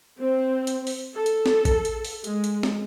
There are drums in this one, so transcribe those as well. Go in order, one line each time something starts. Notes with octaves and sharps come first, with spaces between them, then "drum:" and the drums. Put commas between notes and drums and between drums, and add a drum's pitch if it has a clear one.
C4
drum: hi-hat
drum: open hi-hat
A4
drum: hi-hat
drum: snare
drum: kick A1, hi-hat
drum: hi-hat
drum: open hi-hat
G#3, drum: hi-hat
drum: hi-hat
drum: snare